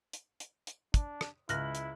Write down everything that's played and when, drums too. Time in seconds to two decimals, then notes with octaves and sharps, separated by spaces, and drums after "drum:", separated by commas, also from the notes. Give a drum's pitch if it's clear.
0.13 drum: hi-hat
0.40 drum: hi-hat
0.67 drum: hi-hat
0.94 D4, drum: kick, hi-hat
1.21 drum: rim click
1.49 C#2 E4 F6 F#6 A#6 F#7, drum: hi-hat
1.75 drum: hi-hat